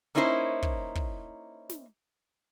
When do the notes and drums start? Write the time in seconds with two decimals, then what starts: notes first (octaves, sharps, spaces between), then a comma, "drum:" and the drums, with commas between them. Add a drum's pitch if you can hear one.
0.15 A#3 C#4 D#4 E4 A#4 C5
0.62 drum: kick
0.95 drum: kick
1.69 drum: snare